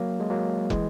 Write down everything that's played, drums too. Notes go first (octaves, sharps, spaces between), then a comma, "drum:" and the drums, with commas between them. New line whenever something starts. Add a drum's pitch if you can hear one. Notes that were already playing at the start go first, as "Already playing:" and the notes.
Already playing: F#3 A#3
G#3
F#3 A#3
E3 G#3, drum: kick